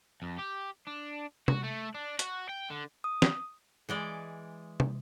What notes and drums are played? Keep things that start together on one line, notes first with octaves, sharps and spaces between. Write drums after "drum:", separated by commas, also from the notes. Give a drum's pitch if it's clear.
F2
G4
D4
F#4, drum: tom
A3
D4
F#4, drum: hi-hat
G5
D3
D#6
drum: snare
E3 G#3 D5
drum: tom